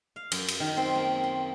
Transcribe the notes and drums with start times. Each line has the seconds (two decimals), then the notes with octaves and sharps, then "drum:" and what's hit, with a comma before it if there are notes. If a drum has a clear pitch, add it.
0.16 F5
0.32 F#2, drum: cymbal
0.48 drum: cymbal
0.60 D#3
0.77 C4
0.95 A#3
1.23 C6